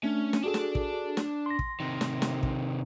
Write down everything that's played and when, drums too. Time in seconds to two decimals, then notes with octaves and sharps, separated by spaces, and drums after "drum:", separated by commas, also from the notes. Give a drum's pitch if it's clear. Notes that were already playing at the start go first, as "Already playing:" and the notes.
0.03 A3 C#4 D4
0.33 drum: snare
0.44 D4 F#4 G#4 A4 A5
0.54 drum: snare
0.75 drum: kick
1.17 drum: snare
1.46 C6 A#6
1.59 drum: kick
1.80 C3 D#3
2.01 drum: snare
2.22 drum: snare
2.43 drum: kick